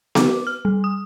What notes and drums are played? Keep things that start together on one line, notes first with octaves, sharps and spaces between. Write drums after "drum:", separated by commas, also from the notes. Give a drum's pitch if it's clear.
D6, drum: snare B3
F6
G3
D#6